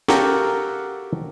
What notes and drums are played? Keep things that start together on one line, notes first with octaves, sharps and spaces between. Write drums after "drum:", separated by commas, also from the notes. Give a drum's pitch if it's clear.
F#4 G4 A4 A#4 F5 F#5, drum: snare